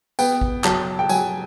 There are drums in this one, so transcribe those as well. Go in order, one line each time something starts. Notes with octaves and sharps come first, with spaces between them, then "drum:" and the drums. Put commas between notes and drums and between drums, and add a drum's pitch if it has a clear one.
B3 G5, drum: tambourine
drum: kick A1
F#3 A5, drum: clap
G5
F#3 G#5, drum: tambourine